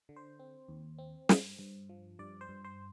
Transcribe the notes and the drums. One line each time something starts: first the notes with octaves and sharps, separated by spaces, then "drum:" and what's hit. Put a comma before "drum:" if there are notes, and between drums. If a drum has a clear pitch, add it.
D3
C5
C4
D#2
C4
G2, drum: snare
G2
F3
G2 D5
C5
G2
C5